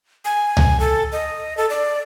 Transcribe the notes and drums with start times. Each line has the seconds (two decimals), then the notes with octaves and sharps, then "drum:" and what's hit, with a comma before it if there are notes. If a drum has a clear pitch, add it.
0.25 G#5
0.57 drum: tom C#2
0.80 A4
1.12 D#5
1.57 A4
1.70 D5